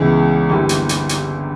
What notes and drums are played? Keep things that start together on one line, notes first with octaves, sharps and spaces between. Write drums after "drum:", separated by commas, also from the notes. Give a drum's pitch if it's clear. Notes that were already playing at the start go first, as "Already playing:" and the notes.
Already playing: C#2 C#3 E3 G#3 B3
G1 G2 G3 A#3 E4
drum: hi-hat
drum: hi-hat
drum: hi-hat